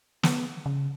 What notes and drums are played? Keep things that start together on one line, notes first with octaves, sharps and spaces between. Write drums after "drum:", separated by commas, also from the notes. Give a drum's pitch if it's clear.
B3, drum: snare
C#3